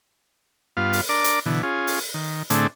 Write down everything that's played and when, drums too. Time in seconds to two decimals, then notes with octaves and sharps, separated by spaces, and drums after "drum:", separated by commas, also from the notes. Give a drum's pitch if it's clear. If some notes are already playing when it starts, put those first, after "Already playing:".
0.77 G2 B3 F4 F5
0.93 drum: open hi-hat
1.09 D4 A#4 D5 D6
1.24 drum: hi-hat
1.46 B2 D3 E3
1.63 C#4 F4 G#4
1.87 drum: open hi-hat
2.14 D#3
2.50 A2 D3 A3 C4 D4 G#4, drum: hi-hat